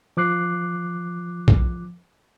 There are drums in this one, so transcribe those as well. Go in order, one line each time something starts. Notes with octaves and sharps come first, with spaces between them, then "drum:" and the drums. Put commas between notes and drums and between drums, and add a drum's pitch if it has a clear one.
F3 D6 F#6 C7
drum: kick B1